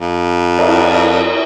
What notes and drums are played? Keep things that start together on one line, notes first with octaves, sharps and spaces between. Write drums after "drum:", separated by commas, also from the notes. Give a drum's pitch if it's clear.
F2
drum: cymbal